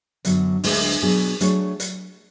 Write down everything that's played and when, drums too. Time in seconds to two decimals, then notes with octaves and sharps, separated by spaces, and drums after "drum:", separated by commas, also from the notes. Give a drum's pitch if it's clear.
0.25 F#2 D3 F#3 B3, drum: hi-hat
0.64 D2 D3 G#3 D4, drum: open hi-hat
1.02 B2 F#3 B3 D4 G#4
1.41 F#3 A3 D4 G#4 C#5, drum: hi-hat
1.80 drum: hi-hat